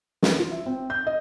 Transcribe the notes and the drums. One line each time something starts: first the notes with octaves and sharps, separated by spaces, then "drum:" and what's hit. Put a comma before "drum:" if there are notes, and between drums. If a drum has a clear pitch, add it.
B4, drum: snare
F4
E5
C4
G6
D#5